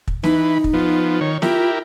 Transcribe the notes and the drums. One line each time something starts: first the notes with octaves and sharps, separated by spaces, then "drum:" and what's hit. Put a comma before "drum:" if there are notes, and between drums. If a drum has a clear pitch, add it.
drum: kick
E3 D#4 B4, drum: snare
drum: kick
F3 B3
D#3 C#5
E4 F4 G4 A#4, drum: snare